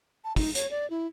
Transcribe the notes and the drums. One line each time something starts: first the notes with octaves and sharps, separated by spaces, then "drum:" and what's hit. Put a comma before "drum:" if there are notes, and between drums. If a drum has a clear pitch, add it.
A5
D#4, drum: kick, open hi-hat
C#5, drum: hi-hat
D5
E4